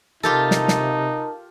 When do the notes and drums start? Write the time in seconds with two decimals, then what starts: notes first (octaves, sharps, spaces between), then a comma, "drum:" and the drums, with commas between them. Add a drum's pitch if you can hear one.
0.23 C3 D#4 F4 G4 A4 A#4 A5
0.51 drum: snare
0.68 drum: snare